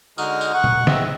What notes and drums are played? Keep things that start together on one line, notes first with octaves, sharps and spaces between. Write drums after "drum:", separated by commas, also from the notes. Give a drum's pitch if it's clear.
D3 G#3 D#4 F#4 D#6 F6, drum: tambourine
drum: tambourine
F#5 C#6 F#6
drum: tom
E2 C4 D#5 E5, drum: snare